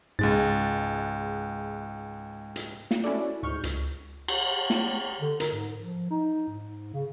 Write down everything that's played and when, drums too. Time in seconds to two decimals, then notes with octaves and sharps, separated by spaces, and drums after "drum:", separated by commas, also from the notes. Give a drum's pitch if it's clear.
0.19 C#2 G#2 G#3 A6
2.56 drum: hi-hat
2.91 drum: snare
3.04 C#4 E4 F#4 A4 D5
3.43 D2 G#2 C#6 F6 G6
3.64 C#2, drum: hi-hat
4.28 drum: cymbal
4.70 drum: snare
5.20 D3
5.40 A#4, drum: hi-hat
5.52 G#2
5.80 F3
6.10 D#4
6.48 G#2
6.93 C#3